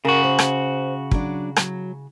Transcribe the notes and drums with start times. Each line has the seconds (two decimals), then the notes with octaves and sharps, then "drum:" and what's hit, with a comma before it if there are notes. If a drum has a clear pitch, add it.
0.05 C#3 F#4 A#4
0.24 C5
0.39 drum: rim click
1.11 F#3 D4, drum: kick
1.56 F#3, drum: rim click